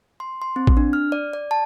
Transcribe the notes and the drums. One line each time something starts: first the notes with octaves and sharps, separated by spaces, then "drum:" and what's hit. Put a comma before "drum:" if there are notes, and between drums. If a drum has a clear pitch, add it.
C6
C6
C4
drum: kick A1
D4
F6
D5
D5
A5